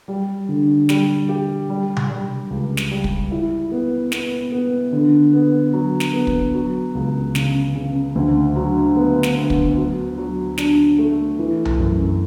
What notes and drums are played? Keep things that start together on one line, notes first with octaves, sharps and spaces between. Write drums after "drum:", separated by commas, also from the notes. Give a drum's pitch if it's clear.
G3
D3
G3, drum: snare
G4
G3
drum: tom C3
G3
C#2
drum: snare
G3
drum: kick
E4
B3
B3, drum: snare
B3
D3
B3
F#3
drum: snare
B3
drum: kick
F#3
C#2
C#3, drum: snare
C#3
D2
F#3
B3
drum: snare
B3
drum: kick
F#3
F#3
D4, drum: snare
A3
E3
drum: tom B1
F#2